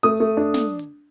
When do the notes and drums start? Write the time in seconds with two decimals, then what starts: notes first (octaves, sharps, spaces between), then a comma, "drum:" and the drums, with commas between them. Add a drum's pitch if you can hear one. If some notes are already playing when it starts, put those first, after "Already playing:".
0.03 A3 D#6, drum: hi-hat
0.20 A3
0.37 D4
0.54 drum: snare
0.79 drum: hi-hat